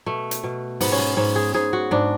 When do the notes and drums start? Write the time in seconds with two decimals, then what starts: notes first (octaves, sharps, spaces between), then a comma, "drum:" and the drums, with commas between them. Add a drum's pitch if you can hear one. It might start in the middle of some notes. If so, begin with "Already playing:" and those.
0.06 B2 A3
0.31 drum: hi-hat
0.44 B2
0.81 G#2 B3, drum: open hi-hat
0.92 C#4
0.99 B3
1.17 G#2 C#4
1.36 G#4
1.54 G#2 G#4
1.73 F#4
1.91 G#2 D4